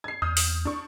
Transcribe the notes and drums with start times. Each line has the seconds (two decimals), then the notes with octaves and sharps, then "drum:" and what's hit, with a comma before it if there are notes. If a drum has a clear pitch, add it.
0.04 G#6 C7
0.22 E2 D#6 F6 G6
0.37 drum: open hi-hat
0.65 D4 C#6